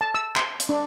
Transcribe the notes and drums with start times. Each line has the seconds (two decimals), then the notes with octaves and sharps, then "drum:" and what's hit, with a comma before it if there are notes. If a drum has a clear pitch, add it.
0.01 A5
0.14 E6
0.36 C6, drum: clap
0.60 drum: hi-hat
0.69 D4